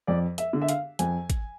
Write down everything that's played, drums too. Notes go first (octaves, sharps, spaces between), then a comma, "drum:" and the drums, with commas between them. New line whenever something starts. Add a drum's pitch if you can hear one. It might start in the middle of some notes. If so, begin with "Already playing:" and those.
F2 D5
E5, drum: hi-hat
D3
E5
F5, drum: hi-hat
F2 G#5, drum: hi-hat
drum: kick G#1, hi-hat